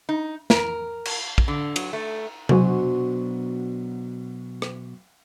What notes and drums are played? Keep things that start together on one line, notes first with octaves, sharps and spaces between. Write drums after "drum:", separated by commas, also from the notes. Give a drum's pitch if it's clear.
D#4
A#4, drum: snare
drum: cymbal
drum: kick
D3
F#3, drum: cymbal
A3
B2 F#3 D4 F#4 C5 G#5, drum: tom C3
drum: rim click